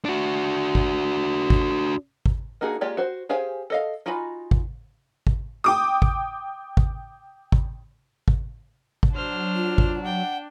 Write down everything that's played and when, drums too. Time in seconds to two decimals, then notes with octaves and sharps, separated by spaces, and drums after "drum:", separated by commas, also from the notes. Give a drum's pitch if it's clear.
0.05 D4 F#4
0.75 drum: kick G#1
1.50 drum: kick G#1
2.26 drum: kick G#1
2.61 A#3 D4 D#4 F#4 G#4
2.81 G#3 A#3 F4 G4 D5
2.97 F#4 C5
3.29 G4 G#4 C5 F5 G#5
3.70 A4 D#5 F5
4.06 D#4 F4 F#4 G#5 B5
4.51 drum: kick G#1
5.27 drum: kick G#1
5.64 G5 D6 D#6
6.02 drum: kick G#1
6.77 drum: kick G#1
7.52 drum: kick G#1
8.28 drum: kick G#1
9.03 drum: kick G#1
9.14 F#3 D4 C5 F6
9.55 F4
9.78 drum: kick G#1
10.05 F#5 G5